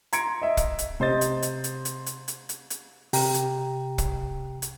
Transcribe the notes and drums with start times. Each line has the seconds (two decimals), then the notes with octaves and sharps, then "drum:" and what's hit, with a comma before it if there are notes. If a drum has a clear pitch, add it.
0.13 A#5 C6 G#6 C#7 D7, drum: hi-hat
0.42 D#5 E5
0.57 drum: kick, hi-hat
0.79 drum: hi-hat
1.00 C3 C5 D#5 A6
1.21 drum: hi-hat
1.42 drum: hi-hat
1.64 drum: hi-hat
1.85 drum: hi-hat
2.06 drum: hi-hat
2.28 drum: hi-hat
2.49 drum: hi-hat
2.70 drum: hi-hat
3.13 C3 G4 G5 A#5, drum: open hi-hat
3.34 drum: hi-hat
3.98 drum: kick, hi-hat
4.62 drum: hi-hat